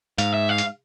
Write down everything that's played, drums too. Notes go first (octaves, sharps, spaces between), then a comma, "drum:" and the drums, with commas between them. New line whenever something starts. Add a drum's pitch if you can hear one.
G#2 F5, drum: hi-hat
E5
F5
drum: hi-hat